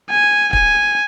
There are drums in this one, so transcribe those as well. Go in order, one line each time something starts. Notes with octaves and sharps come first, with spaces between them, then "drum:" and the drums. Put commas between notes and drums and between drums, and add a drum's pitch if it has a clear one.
G#5
G#5, drum: kick